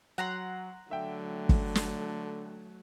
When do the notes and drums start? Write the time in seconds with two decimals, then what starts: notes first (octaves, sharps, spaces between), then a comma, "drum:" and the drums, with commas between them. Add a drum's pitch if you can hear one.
0.18 F#3 F#5 A#5 C6
0.91 D3 F#3 A3 E5 G5
1.49 drum: kick
1.75 drum: snare